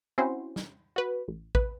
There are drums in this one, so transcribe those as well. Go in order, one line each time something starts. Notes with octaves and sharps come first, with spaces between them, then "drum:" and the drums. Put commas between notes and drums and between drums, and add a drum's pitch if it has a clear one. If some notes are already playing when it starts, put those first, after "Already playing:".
C4 C#4 E4 F#4 C5
drum: snare
F#4 B4
A1
B4, drum: kick